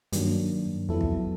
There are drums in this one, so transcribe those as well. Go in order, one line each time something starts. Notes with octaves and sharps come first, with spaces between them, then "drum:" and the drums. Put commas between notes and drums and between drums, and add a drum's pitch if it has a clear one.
G2 D#3 F#3 A#3 D4, drum: hi-hat
F2 F#3 B3 E4 A4
drum: kick